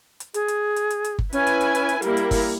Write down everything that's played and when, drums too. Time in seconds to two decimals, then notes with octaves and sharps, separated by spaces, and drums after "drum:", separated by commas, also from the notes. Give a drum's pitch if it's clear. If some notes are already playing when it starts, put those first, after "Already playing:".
0.20 drum: hi-hat
0.34 G#4, drum: hi-hat
0.48 drum: hi-hat
0.76 drum: hi-hat
0.90 drum: hi-hat
1.04 drum: hi-hat
1.19 drum: kick G1
1.33 C#4 E4 B4 G#5, drum: hi-hat
1.47 drum: hi-hat
1.61 drum: hi-hat
1.75 drum: hi-hat
1.89 drum: hi-hat
2.02 G3 A#3 E4 A#4, drum: hi-hat
2.17 drum: hi-hat
2.31 drum: kick G1, open hi-hat